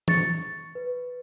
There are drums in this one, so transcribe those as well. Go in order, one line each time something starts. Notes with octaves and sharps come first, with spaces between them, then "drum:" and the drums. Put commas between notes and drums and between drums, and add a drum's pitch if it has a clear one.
C#6 A6 C#7, drum: tom
B4